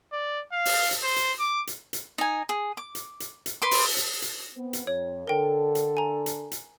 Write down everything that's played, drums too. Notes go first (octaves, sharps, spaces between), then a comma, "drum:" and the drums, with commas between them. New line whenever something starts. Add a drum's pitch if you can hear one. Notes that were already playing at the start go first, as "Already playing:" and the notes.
D5
F5
drum: open hi-hat
drum: hi-hat
C5
drum: hi-hat
D6
drum: hi-hat
drum: hi-hat
D#4 G#5
G#4
D6
drum: hi-hat
drum: hi-hat
drum: hi-hat
B4 C6 D6
drum: open hi-hat
drum: hi-hat
drum: hi-hat
B3 C4
drum: hi-hat
F2 C#5
D3 A4 A#4 G5
drum: hi-hat
G#5 A#5
drum: hi-hat
drum: hi-hat